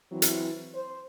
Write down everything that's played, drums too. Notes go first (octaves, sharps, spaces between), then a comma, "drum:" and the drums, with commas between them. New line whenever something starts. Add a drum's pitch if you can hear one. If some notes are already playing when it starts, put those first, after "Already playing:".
E3 F#3 C4 E4
drum: hi-hat
C5